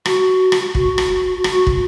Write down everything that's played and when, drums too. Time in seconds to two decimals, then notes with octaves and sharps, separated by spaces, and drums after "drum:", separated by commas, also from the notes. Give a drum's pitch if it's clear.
0.06 F#4, drum: rim click
0.52 drum: rim click
0.75 F#4, drum: kick
0.98 drum: rim click
1.44 F#4, drum: rim click
1.67 drum: kick